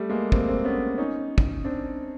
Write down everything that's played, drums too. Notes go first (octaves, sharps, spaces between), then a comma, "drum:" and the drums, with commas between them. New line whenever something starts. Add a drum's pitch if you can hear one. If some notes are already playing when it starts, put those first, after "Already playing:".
Already playing: G3 A3
G#3 A#3
A#3 C4, drum: kick
A#3 C4
B3 C#4
C#4 D#4
drum: kick
C4 D4